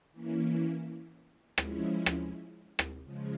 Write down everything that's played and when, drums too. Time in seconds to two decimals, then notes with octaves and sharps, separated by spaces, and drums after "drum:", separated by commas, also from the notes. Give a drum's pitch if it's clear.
0.13 E3 A#3 C#4 E4
1.58 F3 G#3 C#4 E4, drum: rim click
2.06 drum: rim click
2.79 drum: rim click
3.03 C#3 F3 G#3